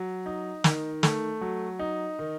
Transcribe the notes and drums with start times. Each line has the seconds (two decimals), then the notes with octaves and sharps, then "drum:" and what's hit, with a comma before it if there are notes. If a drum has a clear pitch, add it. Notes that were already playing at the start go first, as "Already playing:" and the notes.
Already playing: F#3
0.26 D#4
0.64 D#3, drum: snare
1.03 A3, drum: snare
1.41 F#3
1.79 D#4
2.19 D#3